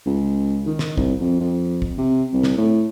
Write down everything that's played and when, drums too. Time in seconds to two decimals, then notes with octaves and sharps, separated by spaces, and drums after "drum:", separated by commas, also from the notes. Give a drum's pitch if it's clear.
0.06 C#2
0.66 D#3
0.79 drum: snare
0.97 C2, drum: kick
1.21 F2
1.41 F2
1.82 drum: kick
1.98 C3
2.33 C2
2.43 drum: snare
2.58 A2